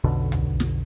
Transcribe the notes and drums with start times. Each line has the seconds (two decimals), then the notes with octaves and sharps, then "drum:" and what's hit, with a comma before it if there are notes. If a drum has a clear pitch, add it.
0.04 B1 F2 B2 D3
0.32 drum: tom
0.60 drum: snare